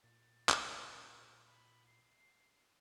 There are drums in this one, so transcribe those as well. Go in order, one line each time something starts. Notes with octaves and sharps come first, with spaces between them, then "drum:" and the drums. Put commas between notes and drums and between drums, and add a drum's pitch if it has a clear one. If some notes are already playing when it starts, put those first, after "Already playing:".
A#2 A6
drum: clap
B5
C7